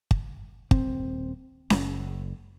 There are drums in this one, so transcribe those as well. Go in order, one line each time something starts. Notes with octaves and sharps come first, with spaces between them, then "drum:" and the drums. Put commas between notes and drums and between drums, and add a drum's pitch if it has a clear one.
drum: kick
D#1 C4, drum: kick
F#1, drum: snare C#4